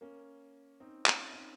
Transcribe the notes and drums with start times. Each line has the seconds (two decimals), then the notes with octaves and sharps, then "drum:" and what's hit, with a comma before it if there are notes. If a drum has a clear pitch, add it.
0.01 A#3 C#4
0.80 C4 D#4
1.06 C#4 F4, drum: clap
1.32 C4 D#4